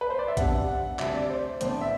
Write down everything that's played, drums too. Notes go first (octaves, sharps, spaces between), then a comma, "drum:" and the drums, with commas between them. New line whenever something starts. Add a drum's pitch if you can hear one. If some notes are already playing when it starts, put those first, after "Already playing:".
B4
C5
D5
E5
B2 G3 D4 F#5, drum: kick, hi-hat
F#5
D2 C3 G3 D4 E5, drum: clap
D5
C5
A2 E3 B3 D4 C5, drum: hi-hat
D5
E5